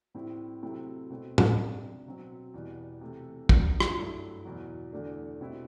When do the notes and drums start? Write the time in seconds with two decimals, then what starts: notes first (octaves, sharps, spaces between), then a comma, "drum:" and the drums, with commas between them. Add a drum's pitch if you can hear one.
0.15 A2 G3 C4 E4
0.62 C3 F#3 A3 C4 E4
1.10 B2 A3 C4
1.38 drum: tom
1.58 C3 G3 D4
2.06 B2 F#3 C4
2.54 E2 B2 G3
3.01 C3 E3 A3
3.49 F#2 D3 G3, drum: kick
3.80 drum: rim click
3.97 G2 F#3 A3 E4
4.45 E2 B2 F#3
4.92 E2 D3 A3 D4
5.41 B2 G3 C4 E4